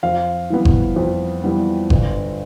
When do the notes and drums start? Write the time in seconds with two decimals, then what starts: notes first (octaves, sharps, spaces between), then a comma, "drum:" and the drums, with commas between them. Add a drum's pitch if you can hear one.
0.03 F2 F5
0.50 E3 G3 B3
0.65 drum: kick G1
0.96 F2
1.44 E3 G3 B3
1.90 G1, drum: kick G1